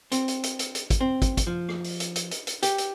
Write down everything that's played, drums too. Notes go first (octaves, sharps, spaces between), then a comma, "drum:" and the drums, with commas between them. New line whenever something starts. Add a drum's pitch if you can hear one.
C4, drum: hi-hat
drum: hi-hat
drum: hi-hat
drum: hi-hat
drum: hi-hat
drum: kick, hi-hat
C4
drum: kick, hi-hat
drum: kick, hi-hat
F3
drum: rim click
drum: open hi-hat
drum: hi-hat
drum: hi-hat
drum: hi-hat
drum: hi-hat
G4, drum: hi-hat
drum: hi-hat